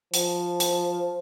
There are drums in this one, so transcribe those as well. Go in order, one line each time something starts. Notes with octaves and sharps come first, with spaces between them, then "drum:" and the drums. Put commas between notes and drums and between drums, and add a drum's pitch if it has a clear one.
F3, drum: hi-hat
drum: hi-hat